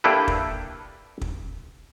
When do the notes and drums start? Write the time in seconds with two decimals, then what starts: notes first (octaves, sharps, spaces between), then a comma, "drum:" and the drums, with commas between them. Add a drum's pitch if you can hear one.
0.04 A#3 D4 E4 G4 A4 B4
0.28 drum: kick
1.21 drum: kick